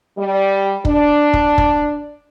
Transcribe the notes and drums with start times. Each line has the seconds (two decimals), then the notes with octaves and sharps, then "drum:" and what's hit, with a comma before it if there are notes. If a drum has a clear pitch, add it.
0.18 G3
0.85 D4, drum: kick
1.33 drum: kick
1.58 drum: kick